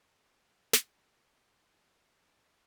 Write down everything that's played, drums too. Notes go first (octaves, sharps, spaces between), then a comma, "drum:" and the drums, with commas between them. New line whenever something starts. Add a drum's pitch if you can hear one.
C2
B2
A#4
E2, drum: snare
G#1
F#2
A2
F5
F#4
F2
F7
C#4